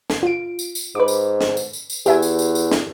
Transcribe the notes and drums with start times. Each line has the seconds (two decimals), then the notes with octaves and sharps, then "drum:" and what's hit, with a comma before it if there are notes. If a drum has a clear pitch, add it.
0.10 drum: snare
0.23 F4 D7
0.59 drum: tambourine
0.75 drum: tambourine
0.95 G#2 B4 D6
1.08 drum: tambourine
1.41 drum: snare
1.57 drum: tambourine
1.73 drum: tambourine
1.90 drum: tambourine
2.06 E2 G4 E5 G#5, drum: tambourine
2.22 drum: tambourine
2.39 drum: tambourine
2.55 drum: tambourine
2.71 drum: snare